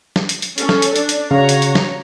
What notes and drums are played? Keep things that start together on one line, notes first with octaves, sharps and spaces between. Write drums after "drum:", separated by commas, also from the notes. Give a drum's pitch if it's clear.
drum: snare
drum: hi-hat
drum: hi-hat
C#4 A4, drum: hi-hat
drum: snare
drum: hi-hat
D4, drum: hi-hat
drum: hi-hat
C#3 F#4 C#5 F5 A#5
drum: hi-hat
drum: hi-hat
drum: snare